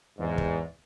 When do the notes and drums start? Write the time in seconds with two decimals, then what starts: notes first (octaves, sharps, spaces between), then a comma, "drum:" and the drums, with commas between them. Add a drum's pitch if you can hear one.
0.18 E2 G#2
0.38 drum: kick